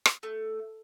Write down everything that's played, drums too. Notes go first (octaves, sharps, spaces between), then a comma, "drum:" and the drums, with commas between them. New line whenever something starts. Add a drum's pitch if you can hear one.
drum: rim click
A3